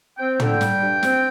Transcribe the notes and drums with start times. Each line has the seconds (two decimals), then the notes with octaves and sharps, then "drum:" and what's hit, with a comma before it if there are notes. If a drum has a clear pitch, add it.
0.18 C4 G5
0.40 D3, drum: tom
0.45 G5
0.61 G3, drum: snare
0.81 G2
1.03 C4, drum: snare